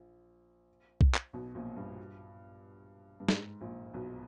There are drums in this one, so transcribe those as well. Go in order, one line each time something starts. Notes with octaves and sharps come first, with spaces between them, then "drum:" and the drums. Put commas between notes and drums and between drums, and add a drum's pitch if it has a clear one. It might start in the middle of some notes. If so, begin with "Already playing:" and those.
Already playing: A#1
drum: kick
drum: clap
B1 B2
A#1 A#2
G2
G2
G#2, drum: snare
A#1 A#2
B1 B2